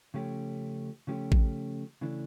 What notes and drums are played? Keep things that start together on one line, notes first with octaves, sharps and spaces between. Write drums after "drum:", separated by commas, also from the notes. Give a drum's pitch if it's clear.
C#3 F3 A3 C#4 G4
C#3 F3 A3 C#4 G4
drum: kick A1
C#3 E3 A3 D4